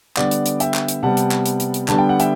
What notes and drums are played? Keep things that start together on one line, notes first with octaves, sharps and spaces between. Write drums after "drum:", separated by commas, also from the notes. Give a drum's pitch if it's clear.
D3 G3 B3 D5 F#5, drum: clap
drum: hi-hat
drum: hi-hat
E5 G5, drum: hi-hat
drum: clap
drum: hi-hat
C3 G3 B3 F#5 A5
drum: hi-hat
drum: clap
drum: hi-hat
drum: hi-hat
drum: hi-hat
D3 G3 B3 A5, drum: clap
G5
F#5
E5 G5, drum: hi-hat